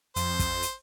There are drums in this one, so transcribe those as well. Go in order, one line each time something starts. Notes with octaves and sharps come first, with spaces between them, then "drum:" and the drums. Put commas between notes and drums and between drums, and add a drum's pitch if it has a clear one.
F2 C5, drum: hi-hat
drum: kick, hi-hat
drum: hi-hat